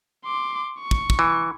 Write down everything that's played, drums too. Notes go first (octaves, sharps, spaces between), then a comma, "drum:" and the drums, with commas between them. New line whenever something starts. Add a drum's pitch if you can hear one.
C6 D6
C#6
drum: kick
drum: kick
E3